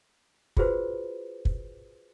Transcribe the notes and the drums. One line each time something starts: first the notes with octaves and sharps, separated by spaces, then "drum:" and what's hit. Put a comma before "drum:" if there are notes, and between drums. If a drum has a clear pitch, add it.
F4 F#4 G#4 B4 C5, drum: kick
drum: kick